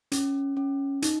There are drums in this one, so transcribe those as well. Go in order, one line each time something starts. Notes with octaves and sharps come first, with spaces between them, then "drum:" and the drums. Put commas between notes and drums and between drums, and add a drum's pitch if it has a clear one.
C#4, drum: hi-hat
C#4
D#4, drum: hi-hat